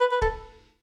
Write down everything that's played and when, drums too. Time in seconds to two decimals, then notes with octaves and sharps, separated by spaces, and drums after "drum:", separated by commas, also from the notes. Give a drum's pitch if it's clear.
0.01 B4
0.12 B4
0.22 A4, drum: kick D1